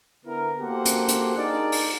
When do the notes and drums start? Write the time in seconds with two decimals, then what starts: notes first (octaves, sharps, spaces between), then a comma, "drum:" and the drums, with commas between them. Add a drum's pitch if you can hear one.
0.25 D3 B3 E4 A#4
0.59 A#3 F#4 G4 A4 C5 F#5
0.85 drum: hi-hat
1.08 drum: hi-hat
1.36 D4 D#4 G#4 A#4 D5
1.72 drum: open hi-hat